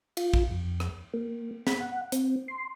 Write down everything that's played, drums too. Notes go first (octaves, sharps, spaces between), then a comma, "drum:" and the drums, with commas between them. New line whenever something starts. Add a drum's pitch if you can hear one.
F4, drum: cymbal
drum: kick
F2
drum: rim click
A#3
B5, drum: snare
F#5
C4, drum: hi-hat
C6